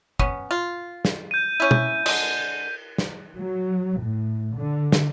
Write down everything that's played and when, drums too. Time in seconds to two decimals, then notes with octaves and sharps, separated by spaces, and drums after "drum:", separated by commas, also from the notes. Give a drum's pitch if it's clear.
0.19 B3 C#4, drum: kick
0.51 F4
1.05 drum: snare
1.31 G6 D#7
1.60 C#4 E4
1.71 drum: tom
2.06 D3 G#3, drum: cymbal
2.98 drum: snare
3.37 F#3
4.03 A2
4.56 D3
4.92 drum: snare